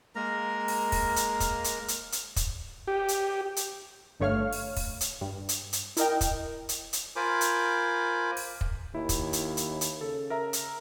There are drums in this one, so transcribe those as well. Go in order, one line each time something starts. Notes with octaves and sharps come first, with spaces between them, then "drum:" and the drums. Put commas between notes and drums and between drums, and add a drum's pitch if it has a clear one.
G#3 A#3 A#4 A#5
drum: open hi-hat
drum: kick, open hi-hat
drum: hi-hat
drum: kick, hi-hat
drum: hi-hat
drum: hi-hat
drum: hi-hat
drum: kick, hi-hat
G4
drum: hi-hat
drum: hi-hat
G1 G2 A3 C#5 F5 F6
drum: open hi-hat
drum: kick, open hi-hat
drum: hi-hat
G2
drum: hi-hat
drum: hi-hat
E4 A#4 D#5 G5, drum: hi-hat
drum: kick, hi-hat
drum: hi-hat
drum: hi-hat
F4 A#4 C5 G#5 B5 D6
drum: hi-hat
drum: open hi-hat
drum: kick
D#2 E4
drum: kick, hi-hat
drum: hi-hat
drum: hi-hat
drum: hi-hat
C#3 A4
A#4 E5 A#5
drum: hi-hat